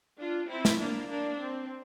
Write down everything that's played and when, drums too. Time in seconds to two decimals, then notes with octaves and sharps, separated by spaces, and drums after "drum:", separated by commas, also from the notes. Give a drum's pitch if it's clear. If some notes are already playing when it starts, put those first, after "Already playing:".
0.20 D4 F4
0.49 C4 E4
0.65 drum: snare
0.80 A#3 D4
1.11 A#3 D4
1.40 C4